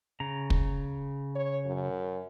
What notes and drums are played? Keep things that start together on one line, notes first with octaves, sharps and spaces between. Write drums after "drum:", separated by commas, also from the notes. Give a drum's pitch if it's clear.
C#3 A#5
drum: kick
C#5
F#2